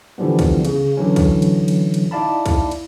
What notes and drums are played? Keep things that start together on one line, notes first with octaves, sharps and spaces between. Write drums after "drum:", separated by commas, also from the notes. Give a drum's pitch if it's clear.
D3 E3 F3 G3 B3
drum: kick, cymbal
C#3, drum: cymbal
D3 E3 F#3 C#4
drum: kick, cymbal
drum: cymbal
drum: cymbal
drum: cymbal
D#4 E4 D5 F5 A5 B5
drum: kick, cymbal
drum: cymbal